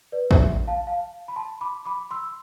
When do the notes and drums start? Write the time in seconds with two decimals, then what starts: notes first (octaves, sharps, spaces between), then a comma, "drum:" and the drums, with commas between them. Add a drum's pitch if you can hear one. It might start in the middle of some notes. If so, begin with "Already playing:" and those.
0.12 B4 D5
0.31 C5 E5, drum: kick A1
0.67 F5 A5
0.87 F5 A5
1.28 B5
1.36 A5 C6
1.61 B5 D6
1.85 B5 D6
2.11 C6 E6